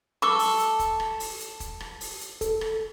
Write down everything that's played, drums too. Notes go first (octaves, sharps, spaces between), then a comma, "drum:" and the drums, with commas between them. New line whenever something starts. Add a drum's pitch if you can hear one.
A4 C#6 D6 E6
drum: open hi-hat
drum: hi-hat
drum: kick E1, hi-hat
drum: rim click
drum: open hi-hat
drum: hi-hat
drum: kick E1, hi-hat
drum: rim click
drum: open hi-hat
drum: hi-hat
A4, drum: kick E1, hi-hat
drum: rim click